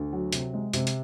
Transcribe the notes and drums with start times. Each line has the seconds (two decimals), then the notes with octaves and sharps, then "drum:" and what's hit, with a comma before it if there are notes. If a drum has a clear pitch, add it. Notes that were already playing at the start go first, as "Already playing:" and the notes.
Already playing: D2
0.13 F#3
0.33 C3, drum: hi-hat
0.54 G#3
0.73 C3, drum: hi-hat
0.87 drum: hi-hat